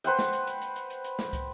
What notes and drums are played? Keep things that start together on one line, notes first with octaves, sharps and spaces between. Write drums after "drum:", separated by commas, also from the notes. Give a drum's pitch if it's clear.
B4 C5 F#5 G5, drum: hi-hat
drum: snare
drum: hi-hat
drum: hi-hat
drum: hi-hat
drum: hi-hat
drum: hi-hat
drum: hi-hat
drum: snare
drum: kick, hi-hat